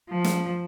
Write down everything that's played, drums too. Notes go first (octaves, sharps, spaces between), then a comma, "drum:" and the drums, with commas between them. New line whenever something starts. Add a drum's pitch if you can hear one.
F3
drum: snare